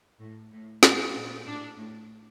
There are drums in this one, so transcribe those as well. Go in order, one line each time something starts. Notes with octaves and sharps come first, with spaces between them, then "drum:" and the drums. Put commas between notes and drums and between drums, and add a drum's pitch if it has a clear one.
A2
A2
A2, drum: snare
A#2
A2 D4
A2